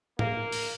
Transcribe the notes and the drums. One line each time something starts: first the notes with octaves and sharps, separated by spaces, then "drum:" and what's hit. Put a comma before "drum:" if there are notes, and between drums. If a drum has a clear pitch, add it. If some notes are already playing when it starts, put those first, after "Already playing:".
A#3, drum: tom A2
drum: open hi-hat